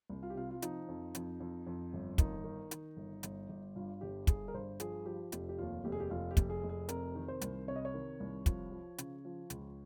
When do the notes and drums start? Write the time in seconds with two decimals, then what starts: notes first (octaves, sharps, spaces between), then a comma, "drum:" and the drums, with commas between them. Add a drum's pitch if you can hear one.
0.10 C2
0.23 F4
0.30 G4
0.35 C3 F4
0.50 F4
0.62 F3 D#4, drum: hi-hat
0.88 F2
1.15 F2, drum: hi-hat
1.40 F2
1.67 F2
1.93 G1
2.18 D#3 D#4, drum: kick, hi-hat
2.44 D#3
2.71 D#3, drum: hi-hat
2.96 G1
3.23 G1, drum: hi-hat
3.49 G1
3.76 G2 F4
4.01 G1 G4
4.27 G1 G#4, drum: kick, hi-hat
4.48 A#4
4.54 G2 C5
4.80 F3 G#4, drum: hi-hat
5.06 F3 G4
5.32 F1 G4, drum: hi-hat
5.49 G4
5.58 D#2 F4
5.85 F1 G4
5.92 G#4
6.00 G4
6.10 F1 F4
6.31 G4
6.37 F1, drum: kick, hi-hat
6.50 G#4
6.63 F1
6.69 G#4
6.89 C3 A#4, drum: hi-hat
7.15 D#3
7.28 C5
7.41 C2, drum: hi-hat
7.68 C3 C#5
7.76 D#5
7.85 C#5
7.94 D#3
8.20 C2
8.46 F3, drum: kick, hi-hat
8.72 F3
8.98 C#3, drum: hi-hat
9.25 F3
9.50 C#2, drum: hi-hat